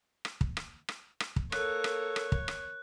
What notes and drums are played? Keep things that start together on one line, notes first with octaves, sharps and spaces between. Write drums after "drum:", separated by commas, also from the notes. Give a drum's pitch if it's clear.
drum: rim click
drum: kick
drum: rim click
drum: rim click
drum: rim click
drum: kick
A#3 A4 C#5 F#6, drum: rim click
drum: rim click
drum: rim click
drum: kick
drum: rim click